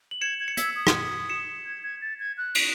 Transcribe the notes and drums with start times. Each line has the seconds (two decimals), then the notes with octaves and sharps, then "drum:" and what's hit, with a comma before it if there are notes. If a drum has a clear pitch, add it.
0.11 F#7
0.21 G#6 C#7 E7
0.40 G#6
0.48 C#7
0.57 E6 G#6 B6, drum: hi-hat
0.75 D#6
0.87 drum: rim click
1.29 C#7 E7
1.66 G#6
1.83 G#6
2.01 A6
2.20 G#6
2.38 F#6
2.55 drum: cymbal